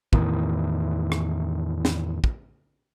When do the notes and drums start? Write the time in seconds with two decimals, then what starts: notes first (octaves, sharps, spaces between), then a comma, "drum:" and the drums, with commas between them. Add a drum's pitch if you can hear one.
0.13 E2 A2 D#3, drum: kick
1.12 drum: rim click
1.85 drum: snare
2.24 drum: kick